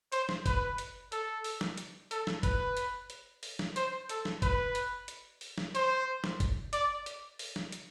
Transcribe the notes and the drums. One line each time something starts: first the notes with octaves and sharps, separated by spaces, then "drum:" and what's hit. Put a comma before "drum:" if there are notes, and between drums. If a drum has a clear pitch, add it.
C5, drum: hi-hat
drum: snare
B4, drum: kick G1, hi-hat
drum: hi-hat
A4, drum: hi-hat
drum: open hi-hat
drum: snare
drum: hi-hat
A4, drum: hi-hat
drum: snare
B4, drum: kick G1, hi-hat
drum: hi-hat
drum: hi-hat
drum: open hi-hat
drum: snare
C5, drum: hi-hat
A4, drum: hi-hat
drum: snare
B4, drum: kick G1, hi-hat
drum: hi-hat
drum: hi-hat
drum: open hi-hat
drum: snare
C5, drum: hi-hat
drum: snare
drum: kick G1, hi-hat
D5, drum: hi-hat
drum: hi-hat
drum: open hi-hat
drum: snare
drum: hi-hat